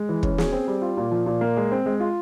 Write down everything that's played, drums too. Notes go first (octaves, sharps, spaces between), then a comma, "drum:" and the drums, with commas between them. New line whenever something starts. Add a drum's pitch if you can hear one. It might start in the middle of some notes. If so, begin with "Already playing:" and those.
Already playing: G#3
E3
C#4, drum: kick
G#4, drum: snare
C4
G3
F4
A#2
F3
A#2
A#3
G#3
C4
G#3
F4